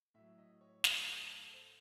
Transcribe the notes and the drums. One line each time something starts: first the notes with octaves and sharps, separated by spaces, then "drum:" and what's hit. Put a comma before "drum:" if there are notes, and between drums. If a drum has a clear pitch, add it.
A2 F#3 E5
D#5
C#5
C5, drum: snare
A4
C5